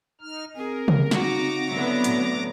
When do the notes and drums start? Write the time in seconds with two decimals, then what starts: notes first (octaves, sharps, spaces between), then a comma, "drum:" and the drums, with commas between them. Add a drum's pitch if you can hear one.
0.21 D#4 F6
0.56 C4 G#4 A#4
0.88 drum: tom C3
1.11 C#3 D#4 F#4 A#5 D6, drum: snare
1.71 D3 F#3 B3 E4
2.04 A2, drum: hi-hat